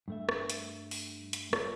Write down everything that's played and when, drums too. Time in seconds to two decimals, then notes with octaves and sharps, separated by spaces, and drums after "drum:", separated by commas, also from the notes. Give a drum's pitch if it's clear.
0.08 G2 A3 E5
0.29 drum: rim click
0.50 drum: hi-hat
0.91 drum: open hi-hat
1.33 drum: hi-hat
1.53 F4 G#4 A4 C#5 D5, drum: rim click